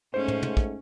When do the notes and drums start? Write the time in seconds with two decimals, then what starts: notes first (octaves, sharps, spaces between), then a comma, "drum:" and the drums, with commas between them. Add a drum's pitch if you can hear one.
0.14 G#2 A3 C#4 C5
0.28 drum: tom
0.42 drum: tom
0.57 drum: kick